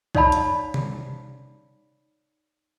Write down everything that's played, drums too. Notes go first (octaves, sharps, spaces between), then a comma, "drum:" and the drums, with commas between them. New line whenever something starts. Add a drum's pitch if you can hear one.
D#4 C#5 D5 F5 A5 B5, drum: kick B1
drum: hi-hat
drum: tom C3